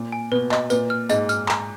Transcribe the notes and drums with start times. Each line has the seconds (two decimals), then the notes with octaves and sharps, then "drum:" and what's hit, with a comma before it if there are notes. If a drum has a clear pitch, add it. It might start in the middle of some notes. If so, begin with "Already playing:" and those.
Already playing: A#2
0.12 G#5
0.32 B2 B4
0.52 D#5, drum: clap
0.70 A#2 B4, drum: tambourine
0.90 F6
1.09 G#2 D#5, drum: tambourine
1.29 F6, drum: tambourine
1.49 A#5, drum: clap